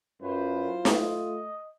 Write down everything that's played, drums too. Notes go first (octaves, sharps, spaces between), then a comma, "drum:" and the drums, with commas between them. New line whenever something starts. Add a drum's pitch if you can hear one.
F#2 F#3 E4 F4 B4 C5
A3 D#5, drum: snare